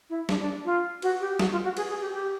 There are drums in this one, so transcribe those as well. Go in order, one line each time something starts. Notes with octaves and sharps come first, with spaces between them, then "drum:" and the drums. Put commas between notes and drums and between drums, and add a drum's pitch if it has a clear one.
E4
D4, drum: snare
D4
F4
F#4, drum: cymbal
G4
F#4, drum: snare
F4
F#4
G#4, drum: cymbal
G#4
G4
G4